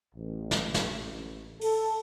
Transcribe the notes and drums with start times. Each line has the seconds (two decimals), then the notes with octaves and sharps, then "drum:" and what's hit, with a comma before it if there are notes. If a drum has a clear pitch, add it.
0.15 A1
0.51 drum: snare
0.74 drum: snare
1.61 A4, drum: open hi-hat